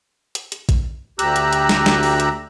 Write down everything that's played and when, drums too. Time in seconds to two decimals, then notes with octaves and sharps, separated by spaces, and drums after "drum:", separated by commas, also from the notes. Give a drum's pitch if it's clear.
0.35 drum: hi-hat
0.52 drum: hi-hat
0.69 drum: kick, hi-hat
1.19 D2 G4 A#5 E6 F#6, drum: hi-hat
1.36 drum: hi-hat
1.53 drum: hi-hat
1.69 drum: snare
1.86 drum: snare
2.03 drum: open hi-hat
2.20 drum: hi-hat